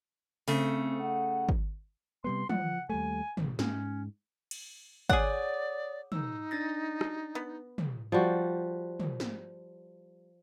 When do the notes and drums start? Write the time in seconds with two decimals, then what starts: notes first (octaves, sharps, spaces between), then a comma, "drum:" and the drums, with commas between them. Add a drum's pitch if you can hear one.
0.48 C#3 A3 C4, drum: open hi-hat
1.00 F#5
1.49 drum: kick G#1
2.24 C3 G3 B3 C6
2.49 F3 F#5, drum: tom
2.90 D#2 G3 A3 G#5
3.37 A1, drum: tom
3.59 G#2 C#4, drum: snare
4.51 drum: cymbal
5.09 G#4 C#5 D5 F#5 D6 D#6, drum: kick G#1
6.12 D#4 E6, drum: tom
6.51 D4 A6 A#6
7.01 drum: rim click
7.35 B3
7.78 drum: tom
8.12 F3 G3 F#4
9.00 drum: tom
9.20 drum: snare